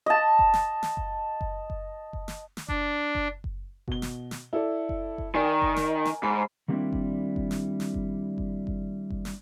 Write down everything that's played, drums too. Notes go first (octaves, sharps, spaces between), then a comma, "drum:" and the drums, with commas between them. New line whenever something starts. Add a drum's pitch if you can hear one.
D#5 A5
drum: kick F#1
drum: snare
drum: snare
drum: kick F#1
drum: kick F#1
drum: kick F#1
drum: kick F#1
drum: snare
drum: snare
D4, drum: kick F#1
drum: kick F#1
drum: kick F#1
B2 G7, drum: kick F#1
drum: snare
drum: snare
E4 A4 D5
drum: kick F#1
drum: kick F#1
D#3 A#4 D5 G#5
drum: kick F#1
drum: snare
drum: snare
G#2 B5
D#3 G3 A#3 C4 D4 E4
drum: kick F#1
drum: kick F#1
drum: snare
drum: snare
drum: kick F#1
drum: kick F#1
drum: kick F#1
drum: kick F#1
drum: snare